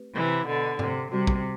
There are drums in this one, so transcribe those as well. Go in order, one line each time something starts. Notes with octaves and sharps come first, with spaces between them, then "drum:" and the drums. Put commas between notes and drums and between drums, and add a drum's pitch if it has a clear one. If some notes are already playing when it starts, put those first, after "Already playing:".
Already playing: A3 C4 G4 B4
C3 E3
B2 D3
C3, drum: tom G#2
C3 G3 C4 F#4
drum: kick